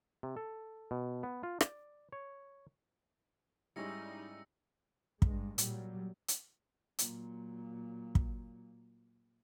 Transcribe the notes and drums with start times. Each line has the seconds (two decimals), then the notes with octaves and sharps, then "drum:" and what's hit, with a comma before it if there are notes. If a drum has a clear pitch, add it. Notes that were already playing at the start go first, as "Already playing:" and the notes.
0.23 C3
0.37 A4
0.91 B2
1.23 B3
1.43 F4
1.61 D5, drum: rim click
2.12 C#5
3.76 G#2 G3 C#4 D#4 E4 E6 A#6 C#7
5.22 G2 G#3, drum: kick
5.58 A#2 F#3 G3, drum: hi-hat
6.28 drum: hi-hat
6.99 A#2 F#3, drum: hi-hat
8.15 drum: kick